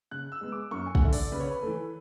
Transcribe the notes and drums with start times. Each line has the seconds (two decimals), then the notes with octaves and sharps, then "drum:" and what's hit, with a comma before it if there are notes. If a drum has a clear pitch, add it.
0.11 C#3 F#6
0.32 E6
0.41 G#3 B3
0.52 D6
0.71 F#2 C#6
0.86 G#5
0.95 F#5, drum: kick
1.02 D3 A3 E5
1.13 D5, drum: open hi-hat
1.32 C#3 B4
1.40 C#5
1.47 B4
1.62 E3 A3